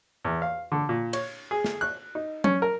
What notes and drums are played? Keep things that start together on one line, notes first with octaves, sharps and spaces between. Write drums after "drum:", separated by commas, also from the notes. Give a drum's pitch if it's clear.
E2
F5
D3
A#2
C#5, drum: cymbal
G#4
drum: snare
F#6
D#4
C#4, drum: tom F#3
A#4